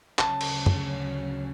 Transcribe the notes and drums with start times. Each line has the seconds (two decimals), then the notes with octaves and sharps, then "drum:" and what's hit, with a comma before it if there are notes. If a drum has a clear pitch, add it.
0.19 D2 C#3 F#3 C#4 A5, drum: clap
0.41 drum: cymbal
0.66 drum: tom